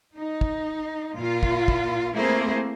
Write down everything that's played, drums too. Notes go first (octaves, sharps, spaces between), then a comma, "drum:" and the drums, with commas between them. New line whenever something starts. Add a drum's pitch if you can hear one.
D#4
drum: kick
A#2 F4
drum: kick
drum: kick
A3 A#3 C4 E4 G#4 C5